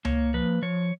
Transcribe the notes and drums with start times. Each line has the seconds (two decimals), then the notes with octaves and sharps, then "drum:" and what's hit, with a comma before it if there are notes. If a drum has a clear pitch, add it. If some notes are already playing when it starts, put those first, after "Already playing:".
0.05 A#3 C#5, drum: tom C#2
0.34 F3 B4
0.62 F3 C#5